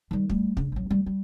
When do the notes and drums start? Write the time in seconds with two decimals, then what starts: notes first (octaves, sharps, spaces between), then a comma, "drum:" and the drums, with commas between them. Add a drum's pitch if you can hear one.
0.11 D#3 G3
0.30 G3 A3, drum: kick
0.57 C#3 D4, drum: kick
0.72 A1 F#3
0.90 D#3 G3
1.06 G3